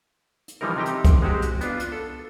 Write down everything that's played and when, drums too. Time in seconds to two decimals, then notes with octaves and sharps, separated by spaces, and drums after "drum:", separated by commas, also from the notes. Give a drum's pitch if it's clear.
0.48 drum: hi-hat
0.61 E3 F3 G3 D#4 A#4
0.76 C3 D#4 G4 G5
0.86 drum: hi-hat
1.05 drum: kick, hi-hat
1.22 G#3 C4 F#4 G4
1.42 drum: hi-hat
1.61 B3 D4 F4, drum: hi-hat
1.80 drum: hi-hat
1.92 A4